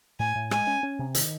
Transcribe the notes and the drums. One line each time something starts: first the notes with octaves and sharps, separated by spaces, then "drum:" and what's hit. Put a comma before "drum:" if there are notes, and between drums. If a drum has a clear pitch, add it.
A2 G#5
A2
G#3 G#5, drum: rim click
C#4
C#4
C3
D#3, drum: hi-hat